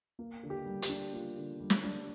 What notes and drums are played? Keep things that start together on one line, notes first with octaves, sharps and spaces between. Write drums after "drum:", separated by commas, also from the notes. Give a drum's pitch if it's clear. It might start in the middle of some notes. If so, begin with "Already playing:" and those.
A#3
D3
G4
G3
G4, drum: hi-hat
D4
A#3 F4
D3
G3
drum: snare
D4